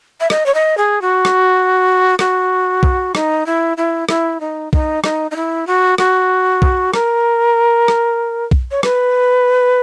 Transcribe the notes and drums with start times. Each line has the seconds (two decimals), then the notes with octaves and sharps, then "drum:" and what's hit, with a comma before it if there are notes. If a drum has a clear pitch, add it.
0.20 E5
0.30 D#5, drum: rim click
0.46 C#5
0.54 D#5
0.77 G#4
1.01 F#4
1.25 drum: rim click
2.19 F#4, drum: rim click
2.83 drum: kick B1
3.15 D#4, drum: rim click
3.46 E4
3.77 E4
4.09 E4, drum: rim click
4.40 D#4
4.73 D#4, drum: kick B1
5.04 D#4, drum: rim click
5.31 D#4
5.36 E4
5.67 F#4
5.98 F#4, drum: rim click
6.62 drum: kick B1
6.94 A#4, drum: rim click
7.88 drum: rim click
8.51 drum: kick B1
8.71 C#5
8.83 B4, drum: rim click